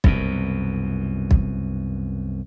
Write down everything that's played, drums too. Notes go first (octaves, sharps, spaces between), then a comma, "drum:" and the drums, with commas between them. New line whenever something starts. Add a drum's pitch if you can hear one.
C2 F#2 B2, drum: kick
drum: kick